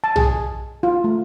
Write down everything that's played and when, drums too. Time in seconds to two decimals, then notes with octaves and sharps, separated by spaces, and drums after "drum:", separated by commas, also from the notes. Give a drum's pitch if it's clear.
0.04 A5
0.16 G#4, drum: tom B1
0.83 F4
1.04 A3